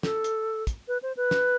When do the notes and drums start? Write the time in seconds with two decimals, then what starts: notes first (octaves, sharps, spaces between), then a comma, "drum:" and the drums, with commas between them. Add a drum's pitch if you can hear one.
0.03 A4, drum: snare
0.24 drum: hi-hat
0.67 drum: kick, hi-hat
0.88 B4
1.03 C5
1.17 B4
1.31 drum: snare